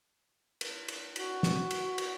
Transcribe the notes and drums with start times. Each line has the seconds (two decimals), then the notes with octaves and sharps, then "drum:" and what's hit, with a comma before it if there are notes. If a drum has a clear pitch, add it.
0.61 drum: cymbal
0.88 drum: cymbal
1.16 F#4, drum: cymbal
1.43 drum: snare
1.71 drum: cymbal
1.98 drum: cymbal